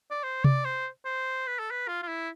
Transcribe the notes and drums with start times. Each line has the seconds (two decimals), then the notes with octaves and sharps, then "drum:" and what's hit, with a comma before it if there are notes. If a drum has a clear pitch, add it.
0.10 D5
0.24 C5
0.44 D5, drum: tom C3
0.65 C5
1.05 C5
1.47 B4
1.59 A4
1.71 B4
1.88 F4
2.03 F4
2.08 E4